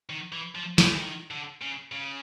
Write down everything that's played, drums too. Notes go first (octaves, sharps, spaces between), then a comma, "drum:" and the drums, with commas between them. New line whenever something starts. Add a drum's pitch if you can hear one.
D#3
E3
F3
E3, drum: snare
E3
D#3
D3
C#3
C#3